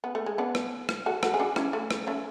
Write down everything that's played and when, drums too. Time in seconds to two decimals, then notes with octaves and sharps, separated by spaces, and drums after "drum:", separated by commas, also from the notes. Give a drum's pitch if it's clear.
0.04 B3
0.15 A3
0.26 G#3
0.38 B3 D4
0.55 drum: rim click
0.89 drum: rim click
1.06 F#4 A4
1.23 F#4 A4, drum: rim click
1.34 G#4
1.40 D4 F#4
1.56 C#4 E4, drum: rim click
1.73 A3
1.91 drum: rim click
2.07 A3 C#4